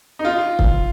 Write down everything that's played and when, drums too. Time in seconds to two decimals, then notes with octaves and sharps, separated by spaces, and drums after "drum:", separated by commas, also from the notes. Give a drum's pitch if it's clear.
0.19 D#4
0.25 F4
0.59 drum: kick